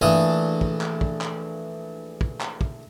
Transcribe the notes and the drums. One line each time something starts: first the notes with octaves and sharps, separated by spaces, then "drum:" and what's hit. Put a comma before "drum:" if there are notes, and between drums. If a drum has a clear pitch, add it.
A#1 E3 A3 D4 F5 D#6
drum: kick
drum: clap
drum: kick
drum: clap
drum: kick
drum: clap
drum: kick